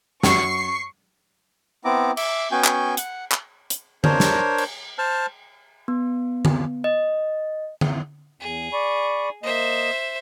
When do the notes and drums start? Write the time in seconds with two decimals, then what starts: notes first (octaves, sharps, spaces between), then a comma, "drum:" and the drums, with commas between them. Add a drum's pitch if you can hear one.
0.23 F#2 C#6 C7, drum: snare
1.85 B3 C4 E4 A#5 D6
2.17 E5 D6, drum: cymbal
2.52 B3 C#4 F#4 G5 G#5 G6
2.64 drum: clap
2.97 F#5, drum: hi-hat
3.32 drum: clap
3.70 drum: hi-hat
4.04 D4 A#4 C5 C#5, drum: tom D3
4.20 drum: snare
4.58 drum: cymbal
4.98 C5 A5 F6
5.88 B3
6.45 drum: tom D3
6.84 D#5
7.81 drum: tom D3
8.40 E2 G#4
8.73 D5 B5 C#6
9.43 A#3 C5 D#5 E5